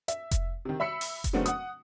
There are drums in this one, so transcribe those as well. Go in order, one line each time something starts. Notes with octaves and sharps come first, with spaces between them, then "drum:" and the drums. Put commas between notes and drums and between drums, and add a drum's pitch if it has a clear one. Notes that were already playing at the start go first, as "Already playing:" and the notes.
E5, drum: hi-hat
drum: kick F1, hi-hat
C3 D#3
E5 B5 E6 B6 C#7
drum: open hi-hat
drum: kick F1, hi-hat
C#3 F#3 A3 B3 C4 D4
F#5 D#6, drum: hi-hat